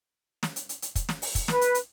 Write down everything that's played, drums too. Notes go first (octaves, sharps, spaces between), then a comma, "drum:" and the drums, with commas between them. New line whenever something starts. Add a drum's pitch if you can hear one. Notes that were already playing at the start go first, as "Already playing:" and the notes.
drum: snare
drum: hi-hat
drum: hi-hat
drum: hi-hat
drum: kick, hi-hat
drum: snare
drum: open hi-hat
drum: kick, hi-hat
B4, drum: snare
drum: hi-hat
drum: hi-hat